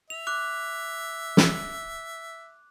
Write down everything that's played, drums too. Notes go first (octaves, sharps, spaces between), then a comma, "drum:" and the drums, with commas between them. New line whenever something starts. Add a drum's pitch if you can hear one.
E5 F7
D6 F#6
drum: snare